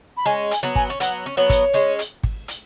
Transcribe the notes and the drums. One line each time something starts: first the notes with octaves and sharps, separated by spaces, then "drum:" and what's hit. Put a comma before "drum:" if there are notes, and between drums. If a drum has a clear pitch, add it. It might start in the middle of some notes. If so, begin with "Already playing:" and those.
B5
G#3 C#4 G#5
G#5, drum: hi-hat
F#3 B3
G#5, drum: kick G#1
C#4
F#3 B3 F#5, drum: hi-hat
C#4
F#3 B3 C#5
drum: kick G#1, hi-hat
G#3 C#4
drum: hi-hat
drum: kick G#1
drum: hi-hat